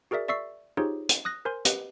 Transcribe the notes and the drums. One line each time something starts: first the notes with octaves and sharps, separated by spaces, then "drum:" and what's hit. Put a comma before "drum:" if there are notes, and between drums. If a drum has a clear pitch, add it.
F#4 G#4 A#4 D5 E5
D5 E5 C#6 E6 C7
D#4 F4 G4 G#4 C5 C#5
drum: hi-hat
D#6 F#6 A#6
A#4 C5 G#5 C6
G4 B4 D#5 F#5, drum: hi-hat